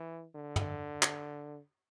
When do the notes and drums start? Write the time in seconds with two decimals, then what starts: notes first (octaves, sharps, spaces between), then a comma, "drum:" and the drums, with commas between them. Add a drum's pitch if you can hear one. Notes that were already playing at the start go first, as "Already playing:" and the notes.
Already playing: E3
0.35 D3
0.56 drum: tom
1.03 drum: clap